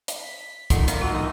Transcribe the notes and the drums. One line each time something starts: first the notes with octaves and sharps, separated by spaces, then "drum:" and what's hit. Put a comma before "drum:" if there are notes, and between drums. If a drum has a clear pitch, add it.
drum: hi-hat
B6
G#1 D#3 F#3 F4 A4 F#5, drum: kick, hi-hat
A#2 A#4 D5 E5 F5, drum: hi-hat
D#4 F4 F#4 F#5 C6 E6
A#1 A#2 D#5